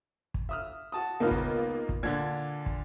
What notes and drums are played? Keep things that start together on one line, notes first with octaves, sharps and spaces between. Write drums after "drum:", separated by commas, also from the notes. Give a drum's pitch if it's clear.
drum: kick
E5 D#6 F6
F#4 A5 D#6
C#2 A#3 B3 D#4 F4 F6
drum: kick
drum: kick
A#2 D3 D4 G#6
drum: kick